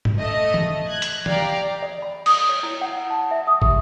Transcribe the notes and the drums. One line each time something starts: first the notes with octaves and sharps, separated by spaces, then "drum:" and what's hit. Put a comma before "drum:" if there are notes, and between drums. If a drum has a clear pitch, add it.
drum: tom G#2
A3 D#5
drum: tom
F#6 G#6
drum: hi-hat
G4 D5 F5 G5 A#5, drum: tom
D5
B5
D#6, drum: cymbal
C#5
E4
F#5
A5
E5
D#6
G4, drum: kick